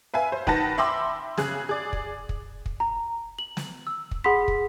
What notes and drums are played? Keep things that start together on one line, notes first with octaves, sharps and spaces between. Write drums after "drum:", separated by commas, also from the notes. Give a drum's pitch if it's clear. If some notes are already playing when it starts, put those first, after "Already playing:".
B4 E5 F5 G#5
C5
D#3 B4 F#5 A5 A#6, drum: kick
E5 G5 B5 C6 D6 E6
C#3 G#4 F#6, drum: snare
G#4 D5
drum: kick
drum: kick
drum: kick
A#5
F#7
drum: snare
E6
drum: kick
G#4 F#5 B5 C6 B6
drum: kick